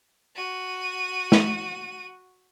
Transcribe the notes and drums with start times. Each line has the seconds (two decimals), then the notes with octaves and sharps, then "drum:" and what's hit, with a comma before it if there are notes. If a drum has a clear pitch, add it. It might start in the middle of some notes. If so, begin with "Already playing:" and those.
0.36 F#4 D#7
1.32 drum: snare